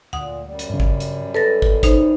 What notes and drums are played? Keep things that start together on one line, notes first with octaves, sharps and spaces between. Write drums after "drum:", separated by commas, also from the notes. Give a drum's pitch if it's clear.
D2 A#2 F#5 D#6
F#2 G3
drum: hi-hat
G2 C#3
drum: kick
drum: hi-hat
A4 B4 A6 A#6
drum: kick
D#4 C5, drum: kick, hi-hat